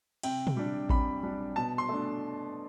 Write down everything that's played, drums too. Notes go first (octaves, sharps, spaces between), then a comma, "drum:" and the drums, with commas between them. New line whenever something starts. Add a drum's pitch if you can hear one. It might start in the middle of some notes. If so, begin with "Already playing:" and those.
C3 G5, drum: cymbal
drum: tom
G3 D4
C3 B5, drum: kick A1
G3 D4
B2 A5
C6
A3 D4